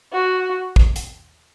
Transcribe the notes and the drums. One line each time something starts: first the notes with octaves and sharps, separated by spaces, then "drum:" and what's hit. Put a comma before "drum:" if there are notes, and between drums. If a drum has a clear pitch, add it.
F#4
drum: kick
drum: hi-hat